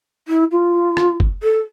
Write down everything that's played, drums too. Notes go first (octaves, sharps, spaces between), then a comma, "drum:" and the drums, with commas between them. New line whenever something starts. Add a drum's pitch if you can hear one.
E4
F4
drum: rim click
drum: kick
A4